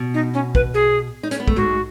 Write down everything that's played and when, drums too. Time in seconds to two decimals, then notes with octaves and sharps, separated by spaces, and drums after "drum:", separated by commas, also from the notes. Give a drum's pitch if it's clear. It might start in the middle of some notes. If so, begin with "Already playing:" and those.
Already playing: B2
0.14 D#4
0.34 C#4
0.55 B4, drum: kick
0.74 G#4
1.23 D#4
1.31 C#4, drum: hi-hat
1.40 B3
1.48 A3, drum: kick
1.56 G#2 G#3 F#4